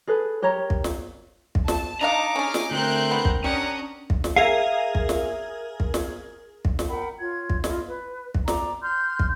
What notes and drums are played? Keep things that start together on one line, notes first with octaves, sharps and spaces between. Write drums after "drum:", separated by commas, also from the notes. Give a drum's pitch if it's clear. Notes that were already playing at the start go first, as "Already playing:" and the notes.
G#4 A4 B4
G4 A#4 C#5 A#5
drum: kick
drum: snare
drum: kick
A5, drum: snare
D4 D#4 D#5 F5 A#5 D6
C#4 D4 G#4 F6
drum: snare
D2 C4 A#4 F#6 G6
B3
drum: kick
G3 C#4 D4 F#5 A#5 D#6
drum: kick
drum: snare
G#4 A#4 E5 F5 G#6
drum: kick
drum: snare
drum: kick
drum: snare
drum: kick
drum: snare
A#4 F#5 G5 B5
F4 C#5 G#6
drum: kick
E4 F4 D#5, drum: snare
B4
drum: kick
D5 A#5 D6, drum: snare
C6 F6 G6
drum: kick